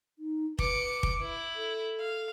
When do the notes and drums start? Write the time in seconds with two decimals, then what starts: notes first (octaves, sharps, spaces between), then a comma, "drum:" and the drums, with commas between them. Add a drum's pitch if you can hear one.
0.19 D#4
0.59 B4 D6 C#7, drum: kick
1.03 drum: kick
1.21 E4
1.56 A4
2.00 F5